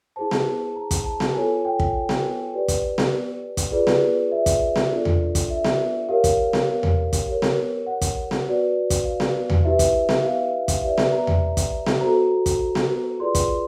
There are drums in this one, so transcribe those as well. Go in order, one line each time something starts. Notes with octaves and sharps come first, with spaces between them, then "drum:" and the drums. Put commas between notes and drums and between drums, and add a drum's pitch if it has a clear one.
E4 G#4 C5 A5
drum: snare B3
A#5
drum: kick, hi-hat
A5
drum: snare B3
F4 A4 C#5 G#5
G5
drum: kick
drum: snare B3
G4 B4 D5
drum: kick, hi-hat
drum: snare B3
drum: kick, hi-hat
F4 G#4 B4 D5
drum: snare B3
E5
drum: kick, hi-hat
drum: snare B3
D4 F4 A4 D5
drum: tom E2
drum: kick, hi-hat
E5
drum: snare B3
G4 A#4 C#5 F5
drum: kick, hi-hat
drum: snare B3
drum: tom E2
drum: kick, hi-hat
G4 A#4 C#5
drum: snare B3
F#5
drum: kick, hi-hat
drum: snare B3
F#4 B4 D5
drum: kick, hi-hat
F5
drum: snare B3
drum: tom E2
E4 G4 B4 E5
drum: kick, hi-hat
drum: snare B3
F5
drum: kick, hi-hat
G4 B4 D5 E5
drum: snare B3
A#5
drum: tom E2
drum: kick, hi-hat
drum: snare B3
F#4 A4 C5 A#5
drum: kick, hi-hat
drum: snare B3
F4 G#4 B4 D5 C6
drum: kick, hi-hat